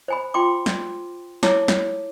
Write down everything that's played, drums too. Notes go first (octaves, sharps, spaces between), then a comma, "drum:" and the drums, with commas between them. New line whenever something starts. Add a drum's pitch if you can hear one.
C5 G#5 B5
F4 G5 C6 D6
drum: snare
E4 C#5 A5 D6, drum: snare
drum: snare